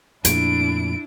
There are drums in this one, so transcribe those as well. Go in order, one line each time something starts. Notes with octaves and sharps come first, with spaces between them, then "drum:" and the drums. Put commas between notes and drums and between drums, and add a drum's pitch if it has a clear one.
F2 A#2 A3 D4 E4 D7, drum: hi-hat